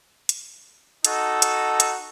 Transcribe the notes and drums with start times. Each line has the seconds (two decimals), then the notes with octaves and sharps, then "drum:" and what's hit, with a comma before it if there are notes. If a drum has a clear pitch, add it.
0.29 drum: hi-hat
1.04 D#4 F#4 A4, drum: hi-hat
1.42 drum: hi-hat
1.80 drum: hi-hat